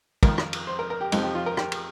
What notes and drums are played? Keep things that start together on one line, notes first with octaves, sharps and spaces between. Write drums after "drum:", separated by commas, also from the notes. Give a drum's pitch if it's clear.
F2 D#3 A#4, drum: kick, cymbal
drum: rim click
drum: cymbal
C5
A#4
A#4
G4
F2 C3 F3 D#4, drum: cymbal
G4
F4
A#4
G4, drum: rim click
drum: cymbal